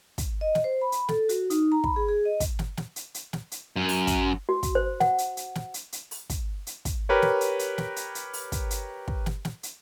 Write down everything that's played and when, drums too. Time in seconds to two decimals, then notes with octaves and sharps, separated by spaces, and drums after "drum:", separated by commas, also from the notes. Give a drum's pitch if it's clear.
0.18 drum: kick, hi-hat
0.41 D#5
0.55 drum: snare
0.64 C5
0.81 B5
0.92 drum: hi-hat
1.09 A4, drum: snare
1.29 F#4, drum: hi-hat
1.50 D#4, drum: hi-hat
1.72 A#5
1.84 B5, drum: kick
1.96 G#4
2.08 G#4
2.25 D#5
2.40 drum: kick, hi-hat
2.59 drum: snare
2.77 drum: snare
2.96 drum: hi-hat
3.14 drum: hi-hat
3.33 drum: snare
3.52 drum: hi-hat
3.76 F#2
3.89 drum: open hi-hat
4.07 drum: kick, hi-hat
4.49 F#4
4.63 drum: kick, hi-hat
4.75 C5
5.00 F#5, drum: snare
5.18 drum: hi-hat
5.37 drum: hi-hat
5.55 drum: snare
5.74 drum: hi-hat
5.92 drum: hi-hat
6.11 drum: open hi-hat
6.30 drum: kick, hi-hat
6.67 drum: hi-hat
6.85 drum: kick, hi-hat
7.09 G4 A#4 B4 C#5
7.22 drum: snare
7.41 drum: hi-hat
7.59 drum: hi-hat
7.78 drum: snare
7.96 drum: hi-hat
8.15 drum: hi-hat
8.33 drum: open hi-hat
8.52 drum: kick, hi-hat
8.71 drum: hi-hat
9.08 drum: kick
9.26 drum: snare
9.45 drum: snare
9.63 drum: hi-hat